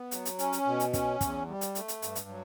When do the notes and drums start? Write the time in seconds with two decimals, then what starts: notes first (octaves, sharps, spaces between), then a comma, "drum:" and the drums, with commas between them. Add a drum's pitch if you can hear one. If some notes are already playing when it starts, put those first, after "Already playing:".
Already playing: B3
0.11 F#3, drum: hi-hat
0.25 drum: hi-hat
0.39 C#4, drum: hi-hat
0.53 drum: hi-hat
0.67 B2
0.80 drum: hi-hat
0.93 C#4, drum: kick, hi-hat
1.21 E2, drum: kick, hi-hat
1.48 G3
1.61 drum: hi-hat
1.75 A3, drum: hi-hat
1.88 drum: hi-hat
2.02 G2, drum: hi-hat
2.15 drum: hi-hat
2.29 F#3